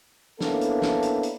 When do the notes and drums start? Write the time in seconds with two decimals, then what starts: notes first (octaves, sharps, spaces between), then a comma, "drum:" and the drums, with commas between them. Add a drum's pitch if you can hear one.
0.41 A#3 B3 C#4 D4 E4 A4, drum: snare
0.61 drum: hi-hat
0.82 drum: snare
1.02 drum: hi-hat
1.23 drum: hi-hat